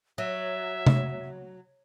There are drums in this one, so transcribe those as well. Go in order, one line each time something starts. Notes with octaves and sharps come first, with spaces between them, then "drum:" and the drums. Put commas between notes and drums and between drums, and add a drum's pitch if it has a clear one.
F#3 E5
drum: tom C3